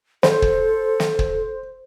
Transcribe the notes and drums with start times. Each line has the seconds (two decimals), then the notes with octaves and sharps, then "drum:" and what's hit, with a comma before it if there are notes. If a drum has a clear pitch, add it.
0.23 A4 C5, drum: snare
0.42 drum: kick
1.00 drum: snare
1.19 drum: kick